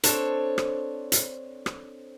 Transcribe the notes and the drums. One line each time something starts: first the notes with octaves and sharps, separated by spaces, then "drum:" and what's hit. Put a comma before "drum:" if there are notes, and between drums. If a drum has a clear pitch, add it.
C4 D4 A4 C5 C#5, drum: hi-hat
drum: rim click
drum: hi-hat
drum: rim click